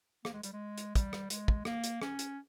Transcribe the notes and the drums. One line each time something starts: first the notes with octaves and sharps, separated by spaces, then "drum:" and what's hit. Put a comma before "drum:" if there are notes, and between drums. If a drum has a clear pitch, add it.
A#3, drum: rim click
G#3
G3, drum: hi-hat
G#3
drum: hi-hat
G3, drum: kick, hi-hat
drum: rim click
G#3, drum: hi-hat
drum: kick
A#3, drum: rim click
drum: hi-hat
C#4, drum: rim click
drum: hi-hat